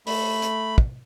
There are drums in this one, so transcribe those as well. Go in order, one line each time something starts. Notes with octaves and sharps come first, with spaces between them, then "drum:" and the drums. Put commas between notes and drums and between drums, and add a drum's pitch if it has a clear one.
A3 B5, drum: open hi-hat
drum: hi-hat
drum: kick